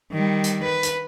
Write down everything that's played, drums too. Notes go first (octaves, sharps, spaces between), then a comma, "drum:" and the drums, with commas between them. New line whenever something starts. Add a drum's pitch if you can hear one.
D#3 G3
drum: hi-hat
B4
drum: hi-hat